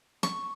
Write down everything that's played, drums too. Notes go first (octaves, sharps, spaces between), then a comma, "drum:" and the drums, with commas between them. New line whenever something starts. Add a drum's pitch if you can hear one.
C#6, drum: snare